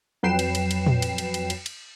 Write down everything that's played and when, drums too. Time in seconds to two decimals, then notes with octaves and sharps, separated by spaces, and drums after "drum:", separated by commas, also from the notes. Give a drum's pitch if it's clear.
0.23 F2 F#3 B4 G5 C7 E7
0.39 drum: cymbal
0.55 drum: cymbal
0.71 drum: cymbal
0.87 drum: tom A#2
1.02 drum: cymbal
1.18 drum: cymbal
1.34 drum: cymbal
1.50 drum: cymbal
1.66 drum: cymbal